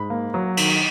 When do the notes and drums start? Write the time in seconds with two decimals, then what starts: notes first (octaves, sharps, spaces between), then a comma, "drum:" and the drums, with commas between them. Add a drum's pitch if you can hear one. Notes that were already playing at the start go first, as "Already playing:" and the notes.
Already playing: G#2 B5
0.10 A#3
0.34 F#3
0.57 D#3, drum: cymbal